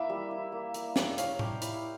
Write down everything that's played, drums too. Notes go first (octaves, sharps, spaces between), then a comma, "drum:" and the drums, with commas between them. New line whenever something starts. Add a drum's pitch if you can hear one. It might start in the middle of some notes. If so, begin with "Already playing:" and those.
Already playing: A#3 E4 E5
G3
E4
A#3
A#3, drum: hi-hat
G3, drum: snare
C#5 F5, drum: hi-hat
G4, drum: tom A2
E4, drum: hi-hat